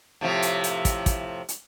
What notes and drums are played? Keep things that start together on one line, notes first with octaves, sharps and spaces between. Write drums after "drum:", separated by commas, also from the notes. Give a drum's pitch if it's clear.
A2 C3 F3
drum: hi-hat
drum: hi-hat
drum: kick, hi-hat
drum: kick, hi-hat
drum: hi-hat